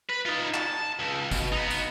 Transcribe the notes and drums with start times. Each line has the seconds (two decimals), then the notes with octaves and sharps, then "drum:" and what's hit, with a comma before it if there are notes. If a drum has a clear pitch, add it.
0.09 B4
0.25 D#4 F4
0.54 A5, drum: clap
0.99 C#2
1.31 B2, drum: kick, tambourine
1.52 B3 D#4
1.70 drum: tambourine